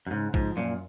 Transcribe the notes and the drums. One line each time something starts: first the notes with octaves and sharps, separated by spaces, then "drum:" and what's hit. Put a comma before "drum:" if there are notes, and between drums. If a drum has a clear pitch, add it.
F#2
G#2 C#3
G#2 F3, drum: kick
F#2 A#2